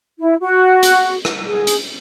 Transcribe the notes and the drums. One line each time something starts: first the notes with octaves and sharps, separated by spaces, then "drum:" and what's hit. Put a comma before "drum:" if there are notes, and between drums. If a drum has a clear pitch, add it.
E4
F#4
drum: hi-hat
drum: rim click
G#4
drum: hi-hat